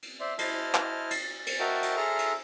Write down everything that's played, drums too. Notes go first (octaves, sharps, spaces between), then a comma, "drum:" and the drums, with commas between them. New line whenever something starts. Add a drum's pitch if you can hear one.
drum: cymbal
C5 D5 E5 C6
E4 C5 D#5 A5 F6, drum: cymbal
drum: clap
drum: cymbal
drum: cymbal
F#4 A#4 D#5 E5 G5 A5
drum: cymbal
G#4 A4 E5 A#5 C6 F6
drum: cymbal